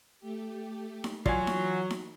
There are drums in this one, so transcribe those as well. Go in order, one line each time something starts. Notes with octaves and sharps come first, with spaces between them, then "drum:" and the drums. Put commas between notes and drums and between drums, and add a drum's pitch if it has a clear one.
A3 G4
drum: snare D#4
E3 F#3 F4 F#4 C#5 D5 G#5, drum: kick
drum: snare D#4
drum: snare D#4